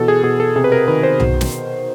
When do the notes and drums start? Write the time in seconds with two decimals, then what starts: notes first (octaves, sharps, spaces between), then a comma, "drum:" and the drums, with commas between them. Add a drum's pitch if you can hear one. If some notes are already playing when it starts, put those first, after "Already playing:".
Already playing: B2 E3 A4
0.08 G#4
0.23 B2 G#4
0.40 A4
0.56 C3 G#4
0.64 B4
0.72 A#4
0.88 D#3 B4
1.03 C5
1.20 B2, drum: tom B1
1.41 drum: snare